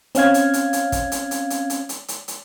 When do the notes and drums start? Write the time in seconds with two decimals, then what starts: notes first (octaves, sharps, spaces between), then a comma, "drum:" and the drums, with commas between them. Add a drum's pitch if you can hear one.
0.15 C4 C#4 F5 G#6, drum: hi-hat
0.34 drum: hi-hat
0.54 drum: hi-hat
0.73 drum: hi-hat
0.92 drum: kick, hi-hat
1.12 drum: hi-hat
1.31 drum: hi-hat
1.50 drum: hi-hat
1.70 drum: hi-hat
1.89 drum: hi-hat
2.08 drum: hi-hat
2.28 drum: hi-hat